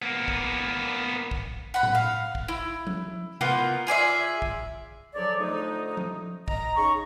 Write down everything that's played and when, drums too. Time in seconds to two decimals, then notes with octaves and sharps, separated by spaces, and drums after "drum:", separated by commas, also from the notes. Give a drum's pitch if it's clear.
0.02 A#3 B3
0.28 drum: kick
1.31 drum: kick
1.74 F#5 B5
1.83 drum: tom A2
1.95 F5
2.35 drum: kick
2.48 E4
2.87 drum: tom F3
3.41 A#3 B3 F4 G6, drum: tom C3
3.87 F4 G#4 D5 E5
4.42 drum: kick
5.15 G#2 D3 F3 F#3 C#5 D5
5.39 D3 F3 A3 D4 D#4
5.97 drum: tom F3
6.48 D#5 A#5, drum: kick
6.76 C#3 D#4 C#6